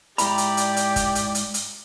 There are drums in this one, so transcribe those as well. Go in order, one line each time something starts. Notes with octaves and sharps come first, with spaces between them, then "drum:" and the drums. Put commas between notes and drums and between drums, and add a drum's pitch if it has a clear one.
G#2 E4 G4 D5 A#5 B5, drum: hi-hat
drum: hi-hat
drum: hi-hat
drum: hi-hat
drum: kick, hi-hat
drum: hi-hat
drum: hi-hat
drum: hi-hat